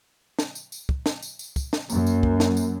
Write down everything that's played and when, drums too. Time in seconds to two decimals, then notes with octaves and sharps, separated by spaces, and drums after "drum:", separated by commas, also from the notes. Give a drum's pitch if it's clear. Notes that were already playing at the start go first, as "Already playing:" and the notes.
0.39 drum: snare
0.55 drum: tambourine
0.72 drum: tambourine
0.89 drum: kick
1.06 drum: snare
1.22 drum: tambourine
1.39 drum: tambourine
1.56 drum: kick, tambourine
1.73 drum: snare
1.90 F#2 A#3, drum: tambourine
2.06 drum: tambourine
2.23 drum: kick
2.40 drum: snare
2.57 drum: tambourine